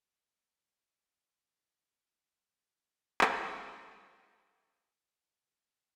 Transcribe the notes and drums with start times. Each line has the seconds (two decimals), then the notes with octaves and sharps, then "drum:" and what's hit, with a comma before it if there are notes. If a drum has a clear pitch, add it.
0.17 C#5 F5
0.55 C#3 G3
1.76 B3 E4 D5
3.21 drum: clap
3.44 B4
3.94 F#5
4.07 C6
4.31 A#5
4.44 C#6
4.81 E5
5.11 F5
5.27 A5
5.50 G#5
5.75 G5